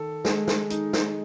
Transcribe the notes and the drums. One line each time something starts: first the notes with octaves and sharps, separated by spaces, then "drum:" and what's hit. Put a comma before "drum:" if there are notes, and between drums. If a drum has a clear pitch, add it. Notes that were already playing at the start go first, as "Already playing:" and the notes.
Already playing: D#3 A4
G#3, drum: snare
drum: snare
D#4, drum: hi-hat
drum: snare